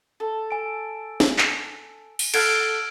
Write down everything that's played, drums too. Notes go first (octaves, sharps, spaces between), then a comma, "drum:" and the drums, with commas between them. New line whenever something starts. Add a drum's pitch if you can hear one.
A4
G#5 D7
drum: snare
drum: clap
drum: open hi-hat
A4 F#5 E6 F6 G#6 D7, drum: cymbal